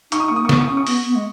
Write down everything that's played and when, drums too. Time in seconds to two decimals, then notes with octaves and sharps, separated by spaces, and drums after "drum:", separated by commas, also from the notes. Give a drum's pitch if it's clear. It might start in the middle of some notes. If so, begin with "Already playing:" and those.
0.12 D#4 C#6, drum: hi-hat
0.20 D#6
0.28 A#3 C#6
0.36 D#6
0.44 A#3 C#6
0.49 B3 D#6, drum: snare
0.60 C#6
0.68 C#4 D#6
0.77 C#6
0.87 B3, drum: open hi-hat
1.06 B3
1.16 G#3